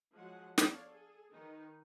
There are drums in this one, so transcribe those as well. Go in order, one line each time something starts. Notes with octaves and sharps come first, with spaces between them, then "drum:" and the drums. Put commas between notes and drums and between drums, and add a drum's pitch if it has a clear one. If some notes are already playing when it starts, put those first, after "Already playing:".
F3 F#3 G#3 G#4 F#5
B3 D4 A4 C#5 D5 F5, drum: snare
G#4 A4
D#3 D#4 B4